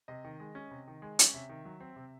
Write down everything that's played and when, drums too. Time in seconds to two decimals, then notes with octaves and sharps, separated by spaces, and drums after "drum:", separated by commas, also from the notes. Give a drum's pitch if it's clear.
0.08 C3 D#5
0.24 D#3
0.40 G#3
0.55 C#4
0.71 C3
0.88 D#3
1.02 G#3
1.19 C#4, drum: hi-hat
1.34 C3 E5
1.49 D#3
1.65 F#3
1.80 C4
1.96 C3